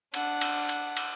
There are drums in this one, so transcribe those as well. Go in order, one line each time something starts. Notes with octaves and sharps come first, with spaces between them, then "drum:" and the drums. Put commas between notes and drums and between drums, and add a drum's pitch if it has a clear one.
D4 F#5, drum: cymbal
drum: cymbal
drum: cymbal
drum: cymbal